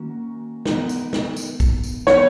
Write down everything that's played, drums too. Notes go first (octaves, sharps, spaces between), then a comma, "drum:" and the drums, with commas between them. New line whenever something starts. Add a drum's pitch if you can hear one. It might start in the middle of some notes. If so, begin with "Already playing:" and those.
Already playing: D#3 A#3 C#4 F#4
E3 B3 D#4 A#4, drum: snare
drum: tambourine
drum: snare
drum: tambourine
drum: kick, tambourine
drum: tambourine
E3 B3 D#4 F#4 B4 C#5, drum: snare